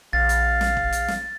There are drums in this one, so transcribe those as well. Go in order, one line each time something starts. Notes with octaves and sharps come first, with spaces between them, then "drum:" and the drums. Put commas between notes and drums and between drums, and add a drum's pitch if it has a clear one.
A#1 F5 A6
drum: hi-hat
drum: snare
drum: kick E1
drum: hi-hat
drum: snare